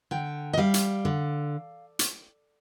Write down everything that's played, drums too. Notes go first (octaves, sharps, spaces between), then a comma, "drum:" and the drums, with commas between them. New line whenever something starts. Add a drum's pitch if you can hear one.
D3 G5
D#5
G3 F5
drum: hi-hat
D3
drum: hi-hat